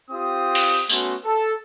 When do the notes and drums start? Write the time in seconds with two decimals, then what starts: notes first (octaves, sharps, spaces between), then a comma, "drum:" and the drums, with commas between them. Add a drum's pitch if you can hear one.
0.10 C4 F4 G4 D#6
0.55 drum: open hi-hat
0.89 A3 B3 C#4 F#4 C6, drum: tambourine
1.24 A4